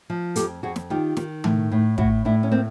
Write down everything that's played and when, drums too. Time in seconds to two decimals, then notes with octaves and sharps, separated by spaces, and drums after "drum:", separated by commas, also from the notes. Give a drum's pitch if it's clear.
0.10 F3
0.36 F2 G4 A4, drum: hi-hat
0.63 F2 F#4 G#4
0.76 drum: snare
0.90 D#3 F4 G4
1.17 D#3, drum: snare
1.44 A2, drum: tom D#3
1.72 A2
1.98 A2 E4 F#4, drum: kick
2.25 A2 D4 E4
2.43 C#4
2.52 A#3 C4